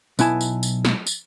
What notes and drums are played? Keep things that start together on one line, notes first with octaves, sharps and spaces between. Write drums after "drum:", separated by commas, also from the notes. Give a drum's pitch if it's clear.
B1 B3 E4 G#5 A5, drum: tambourine
drum: tambourine
drum: tambourine
drum: snare
drum: tambourine